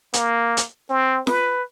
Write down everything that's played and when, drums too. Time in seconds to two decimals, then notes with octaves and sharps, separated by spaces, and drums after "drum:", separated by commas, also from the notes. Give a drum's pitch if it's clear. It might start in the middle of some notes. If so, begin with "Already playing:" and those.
0.14 A#3, drum: hi-hat
0.57 drum: hi-hat
0.90 C4
1.27 B4, drum: snare